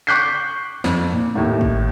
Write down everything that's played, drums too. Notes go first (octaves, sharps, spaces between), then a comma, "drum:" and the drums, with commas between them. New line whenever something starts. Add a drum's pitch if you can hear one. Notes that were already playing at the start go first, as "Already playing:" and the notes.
C#6 D6 F#6 G6 B6 C7
F2, drum: snare
A#2
D#2 A2
drum: kick